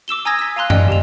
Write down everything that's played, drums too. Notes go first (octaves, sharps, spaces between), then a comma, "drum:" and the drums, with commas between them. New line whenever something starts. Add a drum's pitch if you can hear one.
D6 E6 E7 G7
G#5 A#5 D#6 E6 G#6 A#6
E6 B6
F5 G#5 A#5 C6 F#6
D5 D#5 G5, drum: tom F#2
G4 F7